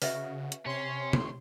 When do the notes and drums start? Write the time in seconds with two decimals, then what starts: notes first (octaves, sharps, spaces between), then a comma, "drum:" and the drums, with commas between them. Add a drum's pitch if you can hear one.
0.02 C#3 F#4 B4 D#5 E5, drum: open hi-hat
0.52 drum: hi-hat
0.66 C3 C#4 C#5 C6
1.13 drum: tom C3